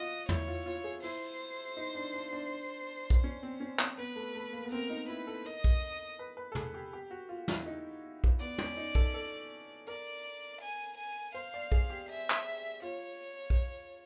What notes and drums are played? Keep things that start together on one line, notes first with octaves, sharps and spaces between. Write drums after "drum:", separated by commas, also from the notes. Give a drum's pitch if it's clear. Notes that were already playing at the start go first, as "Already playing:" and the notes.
Already playing: F4 F#4 D#5
E4 C#5, drum: tom
F4
F4
G#4
E4 C5, drum: open hi-hat
D#4
D4
D4
D4
drum: kick
C#4
C4
C#4
C4, drum: clap
B3 B4
A3
A3
A#3
B3
C4 A#4
D#4
E4 B4
A4
A#4 D#5
drum: kick
B4
B4
A4
G#4, drum: tom
G4
G4
F#4
F4
E4, drum: snare
D#4
drum: kick
B3 D5
C#4, drum: tom
D#4
A4, drum: kick
A4
A#4 D5
G#5
G#5
C5 F5
D5
G#4, drum: kick
G4
E5
drum: clap
F4 C#5
drum: kick